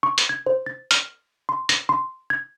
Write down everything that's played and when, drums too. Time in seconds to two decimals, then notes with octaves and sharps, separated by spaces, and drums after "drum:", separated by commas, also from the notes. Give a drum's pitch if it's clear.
0.03 C#6
0.18 drum: hi-hat
0.29 G#6
0.46 C5
0.66 A6
0.91 F6, drum: hi-hat
1.49 C6
1.69 A#6, drum: hi-hat
1.89 C6
2.30 G#6